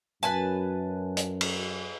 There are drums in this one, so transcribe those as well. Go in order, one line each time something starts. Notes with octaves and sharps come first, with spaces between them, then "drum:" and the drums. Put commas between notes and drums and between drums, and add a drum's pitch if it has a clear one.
F#2 B4 G#5 A5
drum: hi-hat
drum: cymbal